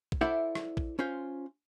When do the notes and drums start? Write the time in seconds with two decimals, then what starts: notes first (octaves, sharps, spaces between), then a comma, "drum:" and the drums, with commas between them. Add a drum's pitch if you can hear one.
0.12 drum: kick A#1
0.21 E4 A4 C5 D5 E5 F#5
0.55 drum: rim click
0.77 drum: kick A#1
0.99 C#4 F4 C5